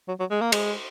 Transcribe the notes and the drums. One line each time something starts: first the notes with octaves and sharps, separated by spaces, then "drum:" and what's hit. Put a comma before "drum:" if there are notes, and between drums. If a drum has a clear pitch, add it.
F#3
F#3
G#3
A#3
G#3, drum: cymbal